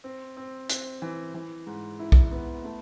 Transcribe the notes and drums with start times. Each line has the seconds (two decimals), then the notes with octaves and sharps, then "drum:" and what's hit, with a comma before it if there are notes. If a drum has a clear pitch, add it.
0.04 C4
0.37 C4
0.69 C4, drum: hi-hat
1.02 E3
1.34 E3
1.67 G#2
1.99 E4
2.12 drum: kick B1
2.32 B3
2.64 A3